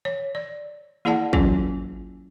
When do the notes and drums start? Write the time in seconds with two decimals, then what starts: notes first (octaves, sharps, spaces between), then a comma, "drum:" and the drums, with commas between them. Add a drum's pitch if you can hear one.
0.05 C#5
0.35 D5
1.05 A#3 E4 G#4 D5 F#5 A5
1.33 F#3 C#4 F4 G#4, drum: kick